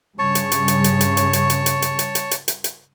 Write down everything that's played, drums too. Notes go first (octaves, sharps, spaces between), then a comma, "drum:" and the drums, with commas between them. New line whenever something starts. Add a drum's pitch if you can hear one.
G2 C#3 C#5 A5 C#6
drum: hi-hat
drum: hi-hat
drum: hi-hat
drum: hi-hat
drum: hi-hat
drum: hi-hat
drum: hi-hat
drum: hi-hat
drum: hi-hat
drum: hi-hat
drum: hi-hat
drum: hi-hat
drum: hi-hat
drum: hi-hat
drum: hi-hat